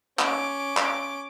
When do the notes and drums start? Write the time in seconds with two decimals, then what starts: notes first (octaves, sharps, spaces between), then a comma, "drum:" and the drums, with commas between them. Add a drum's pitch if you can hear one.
0.19 C#4 D6, drum: clap
0.77 drum: clap